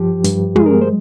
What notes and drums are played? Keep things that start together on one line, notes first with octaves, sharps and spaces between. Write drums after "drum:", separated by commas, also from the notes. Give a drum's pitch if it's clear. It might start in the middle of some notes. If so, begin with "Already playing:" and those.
Already playing: G2 F3 G4
G2, drum: hi-hat
G#3 G#4, drum: tom
A#4
C5